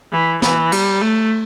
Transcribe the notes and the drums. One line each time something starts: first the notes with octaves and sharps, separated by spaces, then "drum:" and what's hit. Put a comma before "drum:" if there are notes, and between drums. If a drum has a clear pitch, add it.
E3
E3, drum: snare
G3, drum: cymbal
A3